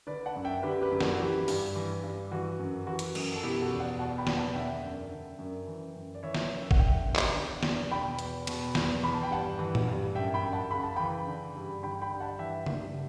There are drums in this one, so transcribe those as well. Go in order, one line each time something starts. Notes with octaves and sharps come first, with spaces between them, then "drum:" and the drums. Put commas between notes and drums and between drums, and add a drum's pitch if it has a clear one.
D3 B4 D5
F#5 A5
F#2
E5 G5
D3 G4 B4
G4 B4
F#2
F#4 A4, drum: snare
F#4
E3 E4 G4
G2, drum: open hi-hat
E3
G2
E3 F#4
F#2
E3 F#4
drum: hi-hat
F#2, drum: cymbal
A4
B2 E4 G4
F#4 A4
E2
D5 F#5
B2 F#5 A5
G5 B5
E2, drum: snare
F#5 A5
D3 E5 G5
F#2
D3
F#2
E3
F#2
D5
E3 C#5 E5
drum: snare
F#2
E5
F#5, drum: kick G#1
D3 E5 G5
E2
drum: clap
D3
E2, drum: snare
B2 G5 B5
E2, drum: hi-hat
B2, drum: cymbal
E2, drum: snare
E3 B5
A5
G5
G2 F#5 A5
E3
drum: tom A2
G2
F#2 E5 G5
G5 B5
F#2
F#5 A5
C#3 B5
A5
E3 G5 B5
D3
G2
D3 G5 B5
G5 B5
G2
F#5 A5
E3 E5 G5
G2, drum: tom C#3